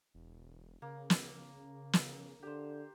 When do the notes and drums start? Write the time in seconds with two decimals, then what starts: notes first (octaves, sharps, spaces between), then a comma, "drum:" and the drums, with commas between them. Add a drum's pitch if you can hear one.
0.14 E1
0.82 C#3 A#3
1.10 drum: snare
1.93 drum: snare
2.43 D3 G4 C5